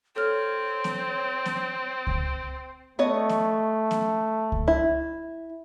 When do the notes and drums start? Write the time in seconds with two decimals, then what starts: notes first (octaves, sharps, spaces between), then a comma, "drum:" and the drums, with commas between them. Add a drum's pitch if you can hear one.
0.16 C4 A4 C#5 F6
0.84 drum: snare B3
1.45 drum: snare B3
2.07 drum: kick C#2
2.99 A3 B3 C#5 D#5
3.29 drum: snare B3
3.91 drum: snare B3
4.52 drum: kick C#2
4.68 E4